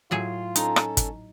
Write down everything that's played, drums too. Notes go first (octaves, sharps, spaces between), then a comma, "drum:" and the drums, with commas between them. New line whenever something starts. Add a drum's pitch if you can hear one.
A2 F#3 F4 G#4
C#4 D#4 A4, drum: hi-hat
drum: rim click
drum: kick, hi-hat